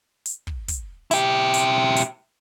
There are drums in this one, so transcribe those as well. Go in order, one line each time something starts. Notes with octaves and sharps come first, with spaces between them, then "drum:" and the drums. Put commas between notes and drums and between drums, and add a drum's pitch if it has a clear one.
drum: hi-hat
drum: kick
drum: kick, hi-hat
E4 G4, drum: hi-hat
drum: hi-hat
drum: hi-hat